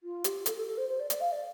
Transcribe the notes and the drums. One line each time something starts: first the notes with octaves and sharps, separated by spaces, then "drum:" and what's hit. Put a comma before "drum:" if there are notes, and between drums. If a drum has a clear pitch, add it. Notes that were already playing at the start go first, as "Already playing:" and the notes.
F4
G4, drum: hi-hat
A4, drum: hi-hat
A4
A4
C5
C5
D5
D5, drum: hi-hat
F5
D5